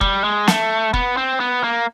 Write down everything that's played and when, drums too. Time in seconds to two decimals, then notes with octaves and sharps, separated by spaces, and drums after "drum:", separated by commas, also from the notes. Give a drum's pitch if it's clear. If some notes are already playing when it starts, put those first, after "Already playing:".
0.01 G3, drum: kick
0.24 G#3
0.48 A3, drum: snare
0.94 B3, drum: kick
1.17 C4
1.40 B3
1.64 A#3